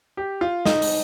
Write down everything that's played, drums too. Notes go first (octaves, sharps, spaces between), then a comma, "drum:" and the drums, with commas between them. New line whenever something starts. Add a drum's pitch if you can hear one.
G4
F4
D#4, drum: snare
drum: open hi-hat